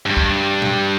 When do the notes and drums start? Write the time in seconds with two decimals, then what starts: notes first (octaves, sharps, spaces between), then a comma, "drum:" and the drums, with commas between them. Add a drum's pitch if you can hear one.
0.06 G2
0.17 drum: kick
0.62 drum: tom A2